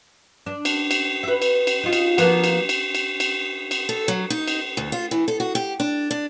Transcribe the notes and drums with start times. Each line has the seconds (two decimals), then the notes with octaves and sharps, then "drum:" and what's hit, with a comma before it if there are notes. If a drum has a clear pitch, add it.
0.46 D4
0.65 drum: cymbal
0.91 drum: cymbal
1.23 B4 E5
1.42 drum: cymbal
1.67 drum: cymbal
1.84 D#4 F4
1.93 drum: cymbal
2.18 F3 A#3 B3, drum: cymbal
2.44 drum: cymbal
2.69 drum: cymbal
2.95 drum: cymbal
3.20 drum: cymbal
3.71 drum: cymbal
3.89 A4
4.08 F#3
4.30 D#4
4.47 drum: cymbal
4.77 D2
4.92 F4
5.11 E3
5.28 A4
5.40 F#4
5.55 G4
5.80 D4
6.11 D4